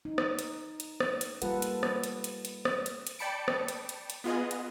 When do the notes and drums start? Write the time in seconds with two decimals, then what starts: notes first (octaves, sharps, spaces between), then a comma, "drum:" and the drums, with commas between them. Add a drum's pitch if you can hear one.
0.05 D#4
0.18 drum: rim click
0.39 drum: hi-hat
0.80 drum: hi-hat
1.00 drum: rim click
1.21 drum: hi-hat
1.42 G3 A#3 F4 A4 B4 F#5, drum: hi-hat
1.62 drum: hi-hat
1.83 drum: rim click
2.04 drum: hi-hat
2.24 drum: hi-hat
2.45 drum: hi-hat
2.65 drum: rim click
2.86 drum: hi-hat
3.07 drum: hi-hat
3.19 D5 G5 A5 B5 C#7 D7
3.48 drum: rim click
3.68 drum: hi-hat
3.89 drum: hi-hat
4.10 drum: hi-hat
4.24 B3 F4 G#4 D#5
4.51 drum: hi-hat